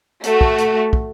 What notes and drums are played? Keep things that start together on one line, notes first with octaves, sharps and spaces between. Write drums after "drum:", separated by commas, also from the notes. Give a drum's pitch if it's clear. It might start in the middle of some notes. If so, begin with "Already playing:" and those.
A3 F#4, drum: hi-hat
drum: kick
drum: hi-hat
drum: kick